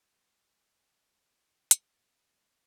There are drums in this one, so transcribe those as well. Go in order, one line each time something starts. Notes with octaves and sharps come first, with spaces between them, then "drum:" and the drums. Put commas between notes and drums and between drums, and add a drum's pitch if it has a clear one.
G#3
A#3
drum: hi-hat
A#3
A#3
F#3
G#3